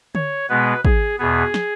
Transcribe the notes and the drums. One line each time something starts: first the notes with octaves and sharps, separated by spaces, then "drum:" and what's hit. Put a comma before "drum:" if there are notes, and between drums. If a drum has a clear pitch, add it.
C#5, drum: tom D3
B2 G#3 B3 B4
G#4, drum: kick
E2 B2 B3 G#4
drum: snare